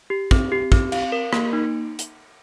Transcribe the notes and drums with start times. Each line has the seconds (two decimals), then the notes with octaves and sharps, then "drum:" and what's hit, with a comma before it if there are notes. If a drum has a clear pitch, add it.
0.10 G4
0.31 C4, drum: kick
0.52 G4
0.72 C4, drum: kick
0.92 F5, drum: cymbal
1.12 A#4
1.33 A#3, drum: rim click
1.53 D#4
1.99 drum: hi-hat